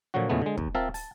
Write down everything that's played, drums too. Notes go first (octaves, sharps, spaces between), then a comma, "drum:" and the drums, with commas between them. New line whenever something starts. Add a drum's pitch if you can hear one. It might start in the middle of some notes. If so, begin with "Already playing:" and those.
A#2 D3 F3 F#3 F#4
E2 A#2 C#3 G#3 A3 B3
D3 G#3
D#2, drum: kick
C4 F4 A#4 E5 F5 A5
A5, drum: open hi-hat